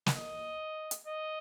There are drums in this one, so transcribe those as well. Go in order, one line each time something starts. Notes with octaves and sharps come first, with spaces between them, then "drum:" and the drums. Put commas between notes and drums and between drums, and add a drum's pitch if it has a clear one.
drum: snare
D#5
drum: hi-hat
D#5